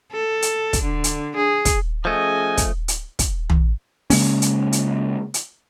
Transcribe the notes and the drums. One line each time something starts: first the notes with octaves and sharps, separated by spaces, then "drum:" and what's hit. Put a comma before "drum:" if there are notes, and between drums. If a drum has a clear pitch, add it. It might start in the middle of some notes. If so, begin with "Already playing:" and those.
A4
drum: hi-hat
drum: kick, hi-hat
D3
drum: hi-hat
G#4
drum: kick, hi-hat
F3 A3 C#4 G#4 D#5 G#5
drum: kick, hi-hat
drum: hi-hat
drum: kick, hi-hat
drum: tom
C#3 G#3 A#3 C#4, drum: open hi-hat
drum: hi-hat
drum: hi-hat
drum: hi-hat